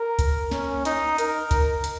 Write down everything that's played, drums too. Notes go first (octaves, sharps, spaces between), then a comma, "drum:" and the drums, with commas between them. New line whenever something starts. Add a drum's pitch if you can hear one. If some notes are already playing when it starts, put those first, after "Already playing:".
Already playing: A#4
drum: kick C#2, hi-hat
C#4, drum: snare
D#4, drum: hi-hat
A#4, drum: hi-hat
drum: kick C#2, hi-hat
drum: hi-hat